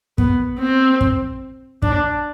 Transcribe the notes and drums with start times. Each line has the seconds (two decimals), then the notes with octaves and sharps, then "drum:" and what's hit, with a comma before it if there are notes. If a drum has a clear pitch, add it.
0.18 B3, drum: kick
0.59 C4
1.01 drum: kick
1.82 D4, drum: kick